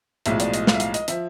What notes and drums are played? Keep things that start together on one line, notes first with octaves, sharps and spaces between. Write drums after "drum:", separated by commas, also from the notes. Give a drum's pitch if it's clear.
B1 A2 F3 G#3 E5, drum: hi-hat
D5, drum: hi-hat
D#5, drum: hi-hat
F5, drum: snare
E5
F5, drum: hi-hat
D#5, drum: hi-hat
F3 E5, drum: hi-hat